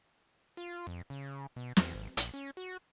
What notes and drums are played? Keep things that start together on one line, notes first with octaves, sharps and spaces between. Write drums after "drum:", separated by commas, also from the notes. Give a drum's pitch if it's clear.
F4
F2
C#3
B2
E2, drum: snare
G#1
A#1, drum: hi-hat
C#4
F#4